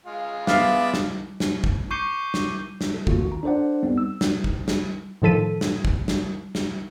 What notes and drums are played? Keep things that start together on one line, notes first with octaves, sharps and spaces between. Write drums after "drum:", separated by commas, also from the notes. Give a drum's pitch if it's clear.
G#3 F4
B3 D5 E5 F5, drum: snare
drum: snare
drum: snare
drum: kick
C#6 D6 G6 C7 C#7 G7
drum: snare
drum: snare
A4
D#2 D#3 A#3 F4 F#4, drum: kick
F4 A#5
D4 A4 C5 D5 F#5
G3 B3 C4 D#4
E6
drum: snare
drum: kick
drum: snare
A2 D#3 F3 A4 B6 D#7
drum: snare
drum: kick
drum: snare
drum: snare